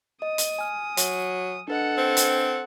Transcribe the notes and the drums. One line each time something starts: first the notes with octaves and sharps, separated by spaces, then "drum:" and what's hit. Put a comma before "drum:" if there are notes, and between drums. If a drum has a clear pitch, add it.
D#5 D#6
drum: hi-hat
G#5 F6
F#3, drum: hi-hat
D4 A4 B4 D#5 F#5
C4
drum: hi-hat